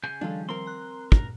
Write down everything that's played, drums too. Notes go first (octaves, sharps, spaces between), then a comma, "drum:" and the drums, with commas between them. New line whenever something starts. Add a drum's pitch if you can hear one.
C#3 G#5 G6
D#3 F3 G3 D4 F4 A4
C4 A#4 C6
A#5 F#6
A#4, drum: kick